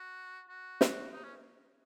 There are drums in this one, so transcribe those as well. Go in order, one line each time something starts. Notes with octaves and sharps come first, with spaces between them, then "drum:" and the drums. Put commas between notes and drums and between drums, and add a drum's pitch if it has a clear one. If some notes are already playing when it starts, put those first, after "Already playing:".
Already playing: F#4
F#4
drum: snare
D#4
C#4